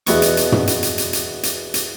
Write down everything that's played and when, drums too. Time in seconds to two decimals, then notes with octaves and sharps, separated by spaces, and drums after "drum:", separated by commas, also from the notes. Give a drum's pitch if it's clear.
0.07 E2 B2 C#6, drum: hi-hat
0.22 drum: hi-hat
0.37 drum: hi-hat
0.52 drum: tom
0.67 drum: hi-hat
0.83 drum: hi-hat
0.98 drum: hi-hat
1.13 drum: hi-hat
1.43 drum: hi-hat
1.74 drum: hi-hat